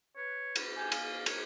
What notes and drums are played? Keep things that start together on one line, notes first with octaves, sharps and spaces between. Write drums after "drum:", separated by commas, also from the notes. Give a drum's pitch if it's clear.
B4 C#5
drum: cymbal
G4 G#5
F5, drum: cymbal
A#4 C#5, drum: cymbal